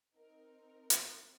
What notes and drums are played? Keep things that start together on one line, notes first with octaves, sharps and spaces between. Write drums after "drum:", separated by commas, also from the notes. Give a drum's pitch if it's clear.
C4 D#4 A#4
drum: hi-hat